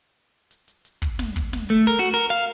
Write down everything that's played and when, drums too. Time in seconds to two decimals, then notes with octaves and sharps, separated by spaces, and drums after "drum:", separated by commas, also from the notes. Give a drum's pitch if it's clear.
0.51 drum: hi-hat
0.68 drum: hi-hat
0.85 drum: hi-hat
1.02 drum: kick, hi-hat
1.19 drum: snare
1.36 drum: kick, hi-hat
1.53 drum: snare
1.70 A3
1.87 A#4, drum: hi-hat
1.99 F#4
2.14 A#4
2.30 F5